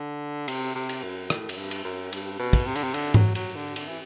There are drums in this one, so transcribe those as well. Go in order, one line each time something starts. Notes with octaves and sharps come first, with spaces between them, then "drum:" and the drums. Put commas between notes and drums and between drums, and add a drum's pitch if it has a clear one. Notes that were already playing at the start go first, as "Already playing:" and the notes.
Already playing: D3
C3, drum: cymbal
C3
drum: cymbal
F#2
A2, drum: rim click
F#2, drum: cymbal
G2
drum: cymbal
F#2
G2, drum: cymbal
B2
drum: kick, cymbal
C3
D3, drum: cymbal
C3
D3, drum: cymbal
F#3, drum: tom G#2
F#3, drum: cymbal
D3
D3, drum: cymbal
E3